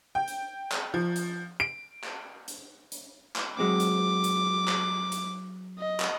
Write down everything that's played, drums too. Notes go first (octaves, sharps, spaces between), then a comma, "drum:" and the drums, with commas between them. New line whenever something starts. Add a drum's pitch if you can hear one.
G5
drum: hi-hat
drum: clap
F3
drum: hi-hat
D7
drum: clap
drum: hi-hat
drum: hi-hat
drum: clap
F#3 G#3 C4 D6
drum: hi-hat
drum: hi-hat
drum: clap
drum: hi-hat
D#5
drum: clap